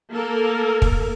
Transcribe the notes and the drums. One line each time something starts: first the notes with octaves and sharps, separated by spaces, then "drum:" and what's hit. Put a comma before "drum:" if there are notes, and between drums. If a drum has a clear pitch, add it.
A#3 A4 A#4
drum: kick